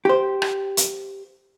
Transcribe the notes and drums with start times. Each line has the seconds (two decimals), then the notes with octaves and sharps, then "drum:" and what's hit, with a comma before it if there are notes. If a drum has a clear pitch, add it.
0.05 G4 C5
0.42 drum: rim click
0.77 drum: hi-hat